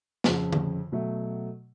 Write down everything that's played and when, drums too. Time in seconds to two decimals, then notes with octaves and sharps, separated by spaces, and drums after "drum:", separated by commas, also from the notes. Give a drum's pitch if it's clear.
0.24 F2 C#3 F3, drum: snare
0.52 drum: tom D3
0.92 B2 F#3 A3